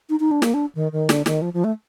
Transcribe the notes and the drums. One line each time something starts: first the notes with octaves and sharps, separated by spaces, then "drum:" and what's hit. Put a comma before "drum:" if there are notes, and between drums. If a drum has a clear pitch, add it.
D#4
D#4
D4
A#3, drum: snare
D4
D#3
D#3
D3, drum: snare
D#3, drum: snare
F3
F3
A3